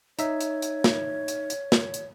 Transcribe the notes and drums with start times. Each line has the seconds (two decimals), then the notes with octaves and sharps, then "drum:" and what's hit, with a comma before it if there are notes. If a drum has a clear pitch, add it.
0.19 D#4 C#5 E5, drum: hi-hat
0.41 drum: hi-hat
0.62 drum: hi-hat
0.84 drum: snare
1.28 drum: hi-hat
1.50 drum: hi-hat
1.72 drum: snare
1.94 drum: hi-hat